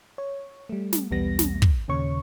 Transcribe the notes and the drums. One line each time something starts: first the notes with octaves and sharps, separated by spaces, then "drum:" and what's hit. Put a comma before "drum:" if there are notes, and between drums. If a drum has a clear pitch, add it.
C#5
G3 A3
drum: snare
B1 E2 G3 B3 A#6
drum: snare
drum: kick
D#2 A#2 C#3 C#5 C#6